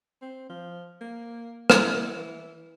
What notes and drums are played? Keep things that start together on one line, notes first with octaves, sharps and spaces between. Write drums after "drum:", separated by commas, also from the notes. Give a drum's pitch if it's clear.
C4
F3
A#3
E4, drum: rim click
E3